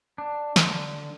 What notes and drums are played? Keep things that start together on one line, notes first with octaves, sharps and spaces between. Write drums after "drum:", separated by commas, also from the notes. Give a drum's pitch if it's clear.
D4
D3, drum: snare